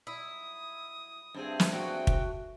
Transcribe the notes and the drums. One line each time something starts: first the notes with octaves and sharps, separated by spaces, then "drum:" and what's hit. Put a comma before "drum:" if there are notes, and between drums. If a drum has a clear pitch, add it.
F#3 G3 D#4 E4 D#6
G2 D3 E3 C4 G#4
drum: snare
E3 A3 F#4 G5
drum: kick